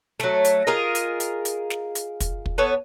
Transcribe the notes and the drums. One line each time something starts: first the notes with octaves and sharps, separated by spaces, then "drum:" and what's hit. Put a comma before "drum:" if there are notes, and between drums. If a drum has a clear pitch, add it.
F#3 A3, drum: snare
drum: hi-hat
F4 G#4 A#4 D#5
drum: hi-hat
drum: hi-hat
drum: hi-hat
drum: snare
drum: hi-hat
drum: kick, hi-hat
drum: kick
B3 A4 C#5